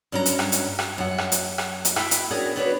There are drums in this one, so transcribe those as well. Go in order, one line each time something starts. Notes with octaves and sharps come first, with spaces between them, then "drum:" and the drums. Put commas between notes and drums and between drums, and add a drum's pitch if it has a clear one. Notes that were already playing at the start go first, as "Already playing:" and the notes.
G2 F#3 C#4 F#4 A4 A#5
drum: hi-hat
drum: rim click
drum: hi-hat
drum: rim click
F#2 F#5
drum: rim click
drum: hi-hat
drum: rim click
drum: hi-hat
E4 G5, drum: rim click
drum: hi-hat
B3 C#4 D4 F#4 G#4 A#4
B3 C#4 D4 F#4 B4 C#5